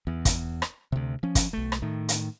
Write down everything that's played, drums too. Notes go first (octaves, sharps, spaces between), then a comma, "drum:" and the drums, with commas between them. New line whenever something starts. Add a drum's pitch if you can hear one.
E2
drum: kick, hi-hat
drum: rim click
D2 C3
F3 C#4
drum: kick, hi-hat
B1 A3
drum: rim click
A2 D#3
drum: hi-hat